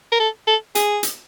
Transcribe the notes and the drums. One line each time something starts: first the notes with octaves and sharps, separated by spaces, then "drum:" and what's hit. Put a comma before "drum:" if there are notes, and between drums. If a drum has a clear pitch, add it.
A#4
A4
A4
G#4, drum: hi-hat
drum: hi-hat